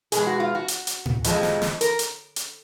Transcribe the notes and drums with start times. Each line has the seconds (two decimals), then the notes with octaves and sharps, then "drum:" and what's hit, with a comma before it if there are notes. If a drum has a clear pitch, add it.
0.12 B2 G#3 G#4, drum: hi-hat
0.27 F#4
0.40 F4
0.55 F#4
0.68 drum: hi-hat
0.87 drum: hi-hat
1.06 drum: tom A2
1.24 F2 C3 F3 G#3, drum: hi-hat
1.43 drum: snare
1.62 drum: snare
1.81 A#4, drum: hi-hat
1.99 drum: hi-hat
2.36 drum: hi-hat